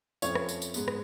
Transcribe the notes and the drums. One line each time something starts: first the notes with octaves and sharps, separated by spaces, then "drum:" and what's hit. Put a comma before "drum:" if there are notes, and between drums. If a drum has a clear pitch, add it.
F2 F3 A3 C#4 C#5, drum: tambourine
drum: rim click
drum: tambourine
drum: tambourine
G#2 G#3 B3, drum: tambourine
drum: rim click